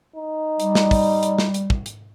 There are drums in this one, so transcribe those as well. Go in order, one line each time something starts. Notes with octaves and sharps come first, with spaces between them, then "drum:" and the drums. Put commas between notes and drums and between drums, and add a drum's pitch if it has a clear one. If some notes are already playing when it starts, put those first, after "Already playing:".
D#4
G3, drum: hi-hat
drum: snare
drum: kick, open hi-hat
drum: hi-hat
drum: snare
drum: hi-hat
drum: kick
drum: hi-hat